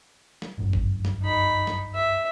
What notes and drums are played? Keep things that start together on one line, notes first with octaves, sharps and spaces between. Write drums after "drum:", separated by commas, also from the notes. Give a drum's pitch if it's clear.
drum: snare
G1 C2 F#2
drum: kick G1
drum: snare
D#4 B5
drum: snare
E5